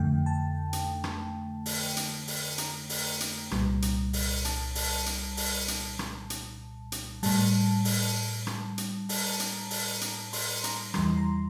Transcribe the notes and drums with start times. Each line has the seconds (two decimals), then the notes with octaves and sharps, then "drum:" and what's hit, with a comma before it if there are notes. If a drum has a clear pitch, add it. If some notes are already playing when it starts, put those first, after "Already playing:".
Already playing: F2 D3 A3 G5
0.26 A5
0.73 drum: hi-hat
1.04 drum: rim click
1.66 drum: open hi-hat
1.97 drum: hi-hat
2.28 drum: open hi-hat
2.58 A#5, drum: hi-hat
2.89 drum: open hi-hat
3.20 drum: hi-hat
3.51 C2 A#2 G3, drum: rim click
3.82 drum: hi-hat
4.13 drum: open hi-hat
4.45 A5, drum: hi-hat
4.75 drum: open hi-hat
5.06 drum: hi-hat
5.37 drum: open hi-hat
5.68 drum: hi-hat
5.99 drum: rim click
6.30 drum: hi-hat
6.92 drum: hi-hat
7.23 A2 G3 A5, drum: open hi-hat
7.85 drum: open hi-hat
8.47 drum: rim click
8.78 drum: hi-hat
9.09 A5, drum: open hi-hat
9.18 A#5
9.30 A5
9.40 drum: hi-hat
9.71 drum: open hi-hat
10.01 A#5, drum: hi-hat
10.33 C6, drum: open hi-hat
10.64 A#5, drum: hi-hat
10.94 E2 E3 G3 C6, drum: rim click
11.18 A#5